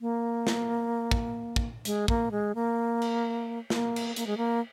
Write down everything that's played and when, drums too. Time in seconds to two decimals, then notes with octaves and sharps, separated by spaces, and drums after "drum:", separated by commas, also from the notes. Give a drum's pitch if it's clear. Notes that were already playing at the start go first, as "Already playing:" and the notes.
0.01 A#3
0.47 drum: snare
1.11 drum: kick
1.56 drum: kick
1.85 G#3, drum: hi-hat
2.08 A#3, drum: kick
2.31 G#3
2.55 A#3
3.02 drum: cymbal
3.70 A#3, drum: snare
3.96 drum: cymbal
4.16 A#3, drum: hi-hat
4.26 G#3
4.37 A#3